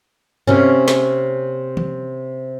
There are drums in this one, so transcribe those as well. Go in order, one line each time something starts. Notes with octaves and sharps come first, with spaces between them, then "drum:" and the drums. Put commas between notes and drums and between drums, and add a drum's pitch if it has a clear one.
C3 A#3 C#4, drum: tom G2
drum: snare
drum: tom D#3